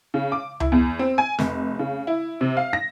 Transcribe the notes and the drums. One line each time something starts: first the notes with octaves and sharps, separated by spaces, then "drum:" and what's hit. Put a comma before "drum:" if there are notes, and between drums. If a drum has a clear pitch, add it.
C#3
D6
E4, drum: tom C#2
E2
C4
G#5
F1, drum: snare
C#3
E4
C3
F5
A#6